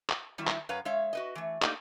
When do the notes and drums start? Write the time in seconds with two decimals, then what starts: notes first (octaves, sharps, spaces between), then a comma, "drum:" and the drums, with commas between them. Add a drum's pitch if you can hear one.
0.09 drum: clap
0.38 D#3 F#3 G3 E4
0.47 drum: clap
0.69 F#2 B4 C#5 F5 A#5
0.85 G#3 C#5 E5 F5
1.13 F#4 B4 D#5
1.35 E3 A3
1.62 A3 A#3 D#4 G4 D5 D#5, drum: clap